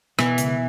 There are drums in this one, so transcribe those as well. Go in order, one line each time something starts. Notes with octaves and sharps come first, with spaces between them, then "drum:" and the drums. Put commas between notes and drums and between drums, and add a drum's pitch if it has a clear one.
B2 E3, drum: rim click
C#2, drum: hi-hat